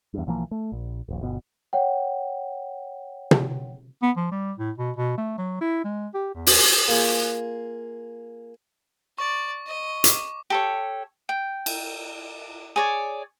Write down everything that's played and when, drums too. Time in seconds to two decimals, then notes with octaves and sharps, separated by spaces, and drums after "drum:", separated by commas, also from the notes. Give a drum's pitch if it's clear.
0.14 E2 G2
0.27 B1 E3 F3 A#3
0.51 A3
0.72 A#1
1.08 D#1 A#1
1.21 G1 B2
1.73 C#5 F#5 G5
3.31 drum: tom
4.02 B3
4.17 F3
4.31 G3
4.58 A2
4.78 B2
4.97 B2
5.18 A3
5.38 F#3
5.61 E4
5.84 G#3
6.14 G4
6.35 E2
6.47 drum: open hi-hat
6.88 A#3 F4 G#4
9.18 D5 C#6
9.67 D#5
10.04 D6, drum: hi-hat
10.50 G4 A4 C#5
11.29 G5
11.66 drum: cymbal
12.76 G#4 C#5 D5